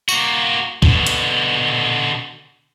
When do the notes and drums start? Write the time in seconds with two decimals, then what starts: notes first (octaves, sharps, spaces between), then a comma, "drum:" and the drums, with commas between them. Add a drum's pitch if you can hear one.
0.09 A#3 F#4, drum: tambourine
0.83 B2 D3, drum: kick
1.07 drum: hi-hat